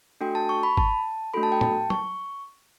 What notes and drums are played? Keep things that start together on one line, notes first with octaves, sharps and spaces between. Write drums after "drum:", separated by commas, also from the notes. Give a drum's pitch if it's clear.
A3 D4 F#4 A4 G5
A5
C#6
B5
A5, drum: kick G1
A3 D4 F#4 A4 B5
A5
G5
A5, drum: tom
C#6, drum: tom